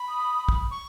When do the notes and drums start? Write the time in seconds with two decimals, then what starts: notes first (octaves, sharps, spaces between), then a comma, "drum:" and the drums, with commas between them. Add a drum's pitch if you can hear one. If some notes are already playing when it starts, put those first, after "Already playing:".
Already playing: B5
0.09 D#6
0.49 drum: kick
0.71 C#6